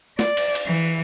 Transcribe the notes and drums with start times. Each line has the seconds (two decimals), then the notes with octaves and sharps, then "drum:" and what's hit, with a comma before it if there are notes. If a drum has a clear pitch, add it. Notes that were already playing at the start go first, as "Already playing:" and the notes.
0.19 D5, drum: snare
0.37 drum: cymbal
0.55 drum: cymbal
0.66 E3